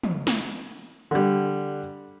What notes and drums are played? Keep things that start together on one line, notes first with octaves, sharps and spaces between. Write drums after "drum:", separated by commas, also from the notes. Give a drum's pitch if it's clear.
drum: tom
drum: snare
D3 G3